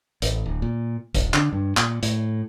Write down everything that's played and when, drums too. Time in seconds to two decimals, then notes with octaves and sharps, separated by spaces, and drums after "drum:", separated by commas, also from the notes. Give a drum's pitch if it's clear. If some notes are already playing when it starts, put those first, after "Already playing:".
0.22 A1, drum: hi-hat
0.46 D1
0.62 A#2
1.15 D#1, drum: kick, hi-hat
1.34 D3, drum: clap
1.53 G2
1.77 A#2, drum: clap
2.03 A2, drum: hi-hat